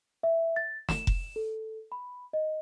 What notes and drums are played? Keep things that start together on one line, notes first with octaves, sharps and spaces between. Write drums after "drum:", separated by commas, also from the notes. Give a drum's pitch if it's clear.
E5
A6
E7, drum: snare
drum: kick F1
A4
B5
D#5